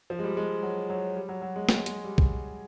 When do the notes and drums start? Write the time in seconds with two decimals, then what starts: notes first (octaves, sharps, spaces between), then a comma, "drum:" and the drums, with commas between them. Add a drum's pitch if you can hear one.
0.10 F3
0.19 G#3
0.24 G3
0.37 G#3
0.63 F#3
0.90 F#3
1.16 G3
1.29 F#3
1.42 F#3
1.56 G#3
1.69 G#3, drum: snare
1.86 G#3, drum: hi-hat
2.04 G3
2.18 drum: kick